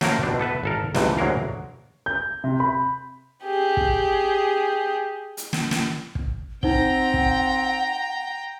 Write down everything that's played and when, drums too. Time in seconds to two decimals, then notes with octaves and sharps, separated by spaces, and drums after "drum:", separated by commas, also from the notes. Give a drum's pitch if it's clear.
0.01 F#3 A3 A#3 A#4 C5, drum: snare
0.23 B2 G3 C4 D4
0.39 B3 A4 B4 E5
0.63 G#1 A4 A#4
0.94 C#2 G2 C3 E3 A3, drum: snare
1.18 D2 F#3 G#3 A#3 A#4 F5
2.06 G6
2.44 C3
2.60 B5
3.43 G4 G#4
3.77 drum: kick
5.37 drum: hi-hat
5.53 drum: snare
5.71 drum: snare
6.15 drum: kick
6.63 C4 D#4 C5 F#5 G5 A#5 G7, drum: kick
7.14 drum: kick